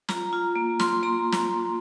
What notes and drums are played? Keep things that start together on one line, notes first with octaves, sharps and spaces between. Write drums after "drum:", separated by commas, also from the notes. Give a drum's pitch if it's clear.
F4 A#5, drum: snare
F4
A#3
F4 C6, drum: snare
A#3 A#5
drum: snare